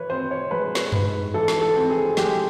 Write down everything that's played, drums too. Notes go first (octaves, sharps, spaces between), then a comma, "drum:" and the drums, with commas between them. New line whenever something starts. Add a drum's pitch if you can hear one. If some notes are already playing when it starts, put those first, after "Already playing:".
Already playing: E3 B4 C#5
C4 C5
C#5
G#3 B4
drum: snare
G#2 B4, drum: tom F#2
E3 A4
drum: snare
A4
C4
G#4
G#3 G4, drum: snare